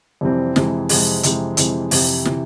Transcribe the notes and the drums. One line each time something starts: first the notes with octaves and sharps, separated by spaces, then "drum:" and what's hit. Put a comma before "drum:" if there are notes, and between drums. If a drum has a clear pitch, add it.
F2 C3 E3 G3 C4
F2 C3 E3 G#3, drum: snare
F2 C3 E3 G#3, drum: open hi-hat
F2 C3 E3 G#3, drum: hi-hat
F2 C3 E3 G#3, drum: hi-hat
F2 C3 E3, drum: open hi-hat
C3 E3, drum: snare